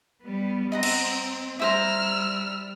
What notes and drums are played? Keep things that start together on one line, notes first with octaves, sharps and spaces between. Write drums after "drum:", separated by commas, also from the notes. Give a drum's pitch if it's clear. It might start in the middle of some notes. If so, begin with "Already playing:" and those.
G3 B3
C4 D#5 F#5 A#5
drum: cymbal
G3 E4 C5 A#5 E6 F6